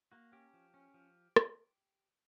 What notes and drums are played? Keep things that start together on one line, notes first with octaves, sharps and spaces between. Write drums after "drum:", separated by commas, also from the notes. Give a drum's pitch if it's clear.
A#3 F#4
C#4 G4
F3
C#4
F3
drum: rim click